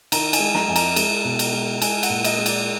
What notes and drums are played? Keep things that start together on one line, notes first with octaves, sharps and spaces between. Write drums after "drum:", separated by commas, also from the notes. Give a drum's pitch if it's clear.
D#3 A#5, drum: cymbal
G#5, drum: cymbal
G#3
A#5, drum: snare
F2 G#5
A#5, drum: cymbal
G#3, drum: cymbal
B2
drum: cymbal
G#3
G#3 G#5, drum: cymbal
F#5, drum: cymbal
A#2
D#5, drum: cymbal
G#3
D5, drum: cymbal